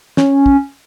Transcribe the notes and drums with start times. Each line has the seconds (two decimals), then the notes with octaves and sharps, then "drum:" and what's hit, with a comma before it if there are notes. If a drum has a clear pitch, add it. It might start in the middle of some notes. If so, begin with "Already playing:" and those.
0.17 C#4, drum: snare
0.46 drum: kick